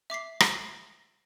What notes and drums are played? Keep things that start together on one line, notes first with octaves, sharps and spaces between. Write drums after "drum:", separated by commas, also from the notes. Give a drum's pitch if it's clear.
E5 D6 B6 C7
drum: rim click